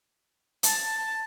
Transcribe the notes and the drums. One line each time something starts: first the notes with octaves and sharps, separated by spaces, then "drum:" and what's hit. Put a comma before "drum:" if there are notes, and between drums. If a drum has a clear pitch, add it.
A5, drum: hi-hat